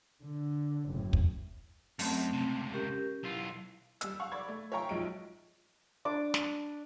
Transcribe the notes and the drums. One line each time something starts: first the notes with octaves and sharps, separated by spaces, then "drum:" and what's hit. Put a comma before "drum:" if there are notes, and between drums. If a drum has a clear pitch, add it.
D3
F#1 A2
drum: kick
F#2 A3 C4 A5, drum: open hi-hat
C#2 C3
C#4 G4 A#4
B1 E4 F4
G3 E6, drum: hi-hat
F5 F#5 C#6
D5 B5 C#6 G#6
A3
C#5 E5 F5 G5 A#5 C#6
A#1 F3 F#3 G#3 D#4 D7
D4 D6
drum: snare